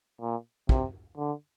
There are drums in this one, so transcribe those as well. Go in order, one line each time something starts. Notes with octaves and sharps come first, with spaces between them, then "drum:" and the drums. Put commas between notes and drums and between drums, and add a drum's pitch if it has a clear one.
A#2
C3, drum: kick
D3